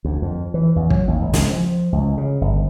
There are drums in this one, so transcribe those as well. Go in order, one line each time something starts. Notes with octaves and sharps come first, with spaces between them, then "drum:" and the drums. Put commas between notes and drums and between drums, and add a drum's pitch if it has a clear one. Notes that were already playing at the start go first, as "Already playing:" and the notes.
D2
F2
E3
E2
F#3, drum: kick
D#2
G#1
C#2, drum: snare
F3
C#2
C#3
G1